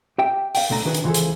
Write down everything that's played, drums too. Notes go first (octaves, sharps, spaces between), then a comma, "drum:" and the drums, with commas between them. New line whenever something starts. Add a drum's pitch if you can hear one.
G4 E5 G5
F5 G5, drum: open hi-hat
C#2 B2 A3 D4 A#5
D#3 D4 E4 F#4 G#4 B4
drum: hi-hat
C#2 E3 F3 F#4 G#4 A4
drum: hi-hat